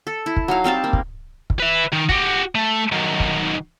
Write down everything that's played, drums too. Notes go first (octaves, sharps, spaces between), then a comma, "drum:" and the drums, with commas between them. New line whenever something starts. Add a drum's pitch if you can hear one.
A4
E4
drum: kick
F#3 D#4 F5
G3 C4 F5 A5
A#3
drum: kick
drum: kick
B4 E5
D#3
F#4 G4, drum: kick
A3
D#3 F#3
drum: kick